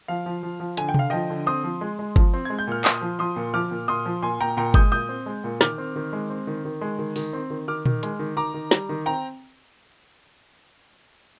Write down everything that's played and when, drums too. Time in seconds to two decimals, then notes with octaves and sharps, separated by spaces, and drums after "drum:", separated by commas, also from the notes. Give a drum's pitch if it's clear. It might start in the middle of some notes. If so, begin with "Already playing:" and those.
0.08 F3 F5
0.26 F3
0.43 F3
0.60 F3
0.77 D3 G#5, drum: hi-hat
0.89 G5
0.94 D3 F5, drum: tom C3
1.10 F3 D#5 G5
1.30 D3
1.47 C4 C6 D#6
1.64 F3
1.81 G#3
1.99 G#3
2.16 F3, drum: kick G1
2.34 C4
2.45 G#3 G#6
2.59 G6
2.67 A#2 F6
2.85 A#2 C6 D#6, drum: clap
3.01 F3
3.19 F3 C6 D#6
3.36 A#2
3.54 F3 D6 F6
3.71 A#2
3.88 A#2 C6 D#6
4.06 F3
4.23 A#2 G#5 C6
4.40 A#2 G5 A#5
4.57 A#2 G5 A#5
4.74 G#3 D#6 G6, drum: kick G1
4.92 A#2 D#6 G6
5.09 C4
5.26 G#3
5.44 A#2
5.61 D#3 D6 F6, drum: snare
5.78 C4
5.95 D#3
6.13 G#3
6.30 C4
6.47 D#3
6.65 D#3
6.81 G#3
6.99 D#3
7.16 D#3, drum: open hi-hat
7.33 C4
7.50 D#3
7.68 D#3 D6 F6
7.86 D#3, drum: tom A#2
8.03 G#3, drum: hi-hat
8.19 D#3
8.36 D#3 A#5 D6
8.54 D#3
8.71 G3, drum: snare
8.89 D#3
9.06 C4 G5 A#5